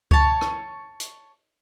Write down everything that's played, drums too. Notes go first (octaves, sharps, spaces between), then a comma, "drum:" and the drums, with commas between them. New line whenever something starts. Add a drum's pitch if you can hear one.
C#5 A5, drum: kick C#2
drum: rim click
drum: hi-hat